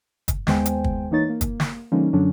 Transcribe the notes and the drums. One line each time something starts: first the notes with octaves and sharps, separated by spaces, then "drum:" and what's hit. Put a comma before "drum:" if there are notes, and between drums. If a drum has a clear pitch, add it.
drum: kick, hi-hat
D#2 G#3 B3 C5 G5 G#5, drum: snare
drum: hi-hat
drum: kick
E3 A#3 D#4 C#5 A6
A#3
drum: kick, hi-hat
drum: snare
D3 F3 G#3 A#3 C#4 D#4
F#2 D3 F#3 C#4 D4